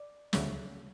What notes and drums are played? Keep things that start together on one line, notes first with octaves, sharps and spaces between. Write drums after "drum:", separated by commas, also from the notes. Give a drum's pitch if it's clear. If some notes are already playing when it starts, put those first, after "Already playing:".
Already playing: D5
D2 C#3 F#3 A3, drum: snare